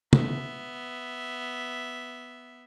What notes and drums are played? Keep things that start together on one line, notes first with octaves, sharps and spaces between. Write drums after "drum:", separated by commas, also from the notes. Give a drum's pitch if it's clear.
B3 E5, drum: tom